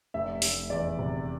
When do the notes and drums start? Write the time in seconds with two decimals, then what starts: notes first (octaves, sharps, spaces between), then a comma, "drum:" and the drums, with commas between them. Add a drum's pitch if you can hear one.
0.14 F1 E5
0.42 F1, drum: open hi-hat
0.70 E2 D5
0.99 C3